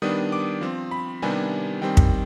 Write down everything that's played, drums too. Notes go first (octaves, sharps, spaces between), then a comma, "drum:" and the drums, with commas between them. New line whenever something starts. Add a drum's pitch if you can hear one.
D#3 G3 B3 D4 D#6
D6
F3 C4
B5
C3 D#3 G3 B3 D4 G#5
D#3 G3 C4 G5
drum: kick